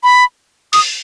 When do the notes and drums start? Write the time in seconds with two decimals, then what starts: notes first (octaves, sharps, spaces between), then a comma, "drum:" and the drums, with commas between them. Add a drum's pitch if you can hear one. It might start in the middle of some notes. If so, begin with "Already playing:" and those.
0.03 B5
0.73 D#6, drum: open hi-hat